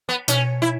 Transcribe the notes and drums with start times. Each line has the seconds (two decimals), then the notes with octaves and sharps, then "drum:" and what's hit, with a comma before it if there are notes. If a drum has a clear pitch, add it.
0.09 B3
0.28 B2 C#4, drum: hi-hat
0.62 E4